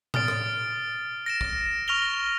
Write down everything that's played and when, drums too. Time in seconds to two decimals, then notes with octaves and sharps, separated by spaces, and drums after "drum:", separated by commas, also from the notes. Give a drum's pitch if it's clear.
0.14 D#6 F6 A6 D7, drum: tom A2
0.28 drum: rim click
1.26 A#6 D7 E7
1.41 drum: kick
1.88 C#6 F6 A#6 F7 G7